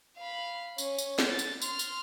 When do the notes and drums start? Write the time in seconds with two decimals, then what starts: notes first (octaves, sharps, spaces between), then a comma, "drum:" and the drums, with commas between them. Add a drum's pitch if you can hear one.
0.17 F5 B5
0.78 C#4, drum: tambourine
0.98 drum: tambourine
1.19 drum: snare
1.29 A6
1.39 drum: tambourine
1.62 C6 F6, drum: tambourine
1.79 drum: tambourine